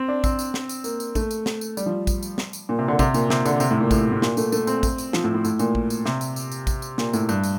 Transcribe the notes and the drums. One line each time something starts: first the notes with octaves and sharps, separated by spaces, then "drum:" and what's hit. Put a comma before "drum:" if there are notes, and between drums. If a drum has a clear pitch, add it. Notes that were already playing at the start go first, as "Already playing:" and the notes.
Already playing: C4
D4
C4, drum: kick A1, tambourine
drum: tambourine
drum: snare
drum: tambourine
A#3, drum: tambourine
drum: tambourine
A3, drum: kick A1, tambourine
drum: tambourine
drum: snare
drum: tambourine
G3, drum: tambourine
F3
drum: kick A1, tambourine
drum: tambourine
drum: snare
drum: tambourine
A#2
C3
D3
C3, drum: kick A1, tambourine
A#2, drum: tambourine
C3, drum: snare
D3, drum: tambourine
C3, drum: tambourine
A2
A#2
A2, drum: kick A1, tambourine
A2
A#2, drum: snare
A3, drum: tambourine
A3, drum: tambourine
C4, drum: tambourine
drum: kick A1, tambourine
drum: tambourine
F3, drum: snare
A2
A2
A2, drum: tambourine
A#2, drum: tambourine
drum: kick A1
drum: tambourine
C3, drum: snare
drum: tambourine
drum: tambourine
drum: tambourine
drum: kick A1, tambourine
drum: tambourine
A#2, drum: snare
A2, drum: tambourine
G2, drum: tambourine
drum: tambourine